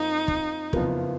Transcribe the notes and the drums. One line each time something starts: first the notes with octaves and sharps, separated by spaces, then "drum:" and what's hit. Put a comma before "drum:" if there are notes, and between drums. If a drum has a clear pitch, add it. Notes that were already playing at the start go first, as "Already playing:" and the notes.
Already playing: F2 F3 A#3 D#4 F4
drum: kick
F#1 F2 F3 B3 F4, drum: kick